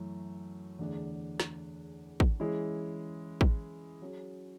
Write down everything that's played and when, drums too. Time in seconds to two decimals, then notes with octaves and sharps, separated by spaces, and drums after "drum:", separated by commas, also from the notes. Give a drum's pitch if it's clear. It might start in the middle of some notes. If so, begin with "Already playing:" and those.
Already playing: F#2 E3 A3
0.79 E2 D3 A3 D4 G#4
1.40 drum: snare
2.20 drum: kick
2.40 E3 G#3 C#4 E4 G#4
3.41 drum: kick
4.02 F#3 C#4 G#4